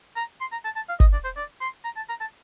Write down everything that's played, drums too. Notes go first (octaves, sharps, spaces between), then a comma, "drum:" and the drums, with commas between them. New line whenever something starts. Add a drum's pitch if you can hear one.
A#5
C6
A#5
A5
A5
F5
D#5, drum: kick G1
D5
C5
D5
C6
A#5
A5
A#5
A5